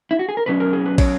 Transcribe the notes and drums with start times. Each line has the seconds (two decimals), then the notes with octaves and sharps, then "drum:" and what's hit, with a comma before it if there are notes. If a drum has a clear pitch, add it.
0.11 E4
0.19 F#4
0.29 G#4
0.37 A#4
0.46 B2 F#3 C#4 B4
0.60 A#4
0.73 G#4
0.86 B4
0.98 C#5, drum: kick, cymbal